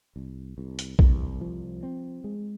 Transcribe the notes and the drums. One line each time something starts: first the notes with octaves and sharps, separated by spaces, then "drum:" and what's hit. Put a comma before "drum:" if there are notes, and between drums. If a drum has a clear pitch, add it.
C2
C2
drum: hi-hat
C2, drum: kick A#1
F3
C4
G#3